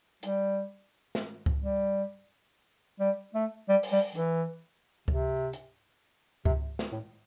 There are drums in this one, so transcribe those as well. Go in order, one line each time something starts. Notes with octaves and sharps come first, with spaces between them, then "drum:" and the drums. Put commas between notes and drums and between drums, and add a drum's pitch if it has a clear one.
G3, drum: hi-hat
drum: snare
drum: kick C#2
G3
G3
A3
G3
drum: open hi-hat
G3
E3, drum: hi-hat
C3, drum: kick C#2
drum: hi-hat
C3, drum: kick C#2
drum: snare
A2